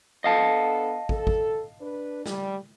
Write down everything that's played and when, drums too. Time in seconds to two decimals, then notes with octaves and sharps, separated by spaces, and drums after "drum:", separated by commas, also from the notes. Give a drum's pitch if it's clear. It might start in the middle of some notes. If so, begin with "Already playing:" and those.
0.24 B3 D4 A4 D#5 F5 A5
1.09 A4, drum: kick
1.27 drum: kick
1.81 D4 B4
2.26 G3, drum: snare